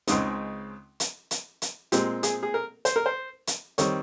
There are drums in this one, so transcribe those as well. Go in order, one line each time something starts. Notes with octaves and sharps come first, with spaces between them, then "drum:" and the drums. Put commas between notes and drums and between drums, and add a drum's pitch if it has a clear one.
C#2 C#3 G#3 C4 D#4, drum: hi-hat
drum: hi-hat
drum: hi-hat
drum: hi-hat
A#2 G#3 C4 G4, drum: hi-hat
G#4, drum: hi-hat
G#4
A#4
C5, drum: hi-hat
A#4
C5
drum: hi-hat
D#3 G3 C4 C#5, drum: hi-hat